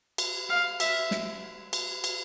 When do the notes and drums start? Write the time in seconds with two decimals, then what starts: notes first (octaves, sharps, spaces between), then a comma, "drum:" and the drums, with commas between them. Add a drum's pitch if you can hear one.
0.18 drum: cymbal
0.50 F5
0.80 E5, drum: cymbal
1.11 drum: snare
1.73 drum: cymbal
2.04 drum: cymbal